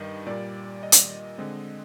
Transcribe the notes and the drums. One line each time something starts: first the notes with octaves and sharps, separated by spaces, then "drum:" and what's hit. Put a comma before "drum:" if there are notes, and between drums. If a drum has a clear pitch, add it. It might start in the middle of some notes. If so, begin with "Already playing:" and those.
Already playing: G2 D#3 G3 D#5
A#2 G3 A#3 D5
D#5
drum: hi-hat
D3 G#3 C4 D#5